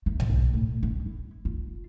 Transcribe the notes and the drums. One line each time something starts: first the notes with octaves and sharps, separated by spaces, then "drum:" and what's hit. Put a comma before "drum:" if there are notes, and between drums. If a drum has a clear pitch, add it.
A3
drum: tom B1
B1
A2
C#4
E4
F4